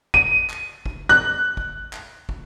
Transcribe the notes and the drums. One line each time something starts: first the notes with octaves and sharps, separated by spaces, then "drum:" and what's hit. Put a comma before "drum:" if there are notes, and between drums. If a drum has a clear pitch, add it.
D#7, drum: kick
drum: clap
drum: kick
F#6
drum: kick
drum: clap
drum: kick